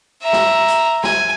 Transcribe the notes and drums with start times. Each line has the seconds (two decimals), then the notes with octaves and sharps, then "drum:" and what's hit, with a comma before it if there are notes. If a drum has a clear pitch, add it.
0.22 E5 A#5
0.33 drum: snare
0.68 drum: hi-hat
1.04 G#5, drum: snare